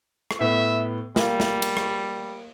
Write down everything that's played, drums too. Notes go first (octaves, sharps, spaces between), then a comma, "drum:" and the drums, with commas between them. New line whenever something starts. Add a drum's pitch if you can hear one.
drum: rim click
A2 B3 E5
G3 A#3 F5, drum: snare
drum: snare
drum: cymbal
drum: rim click